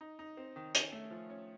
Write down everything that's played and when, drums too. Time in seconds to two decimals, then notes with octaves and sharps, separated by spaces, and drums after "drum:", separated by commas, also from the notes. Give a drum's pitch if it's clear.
0.01 D#4
0.19 D#4
0.37 C4
0.56 D#3
0.75 C#4, drum: hi-hat
0.92 A3
1.11 F3
1.30 C#4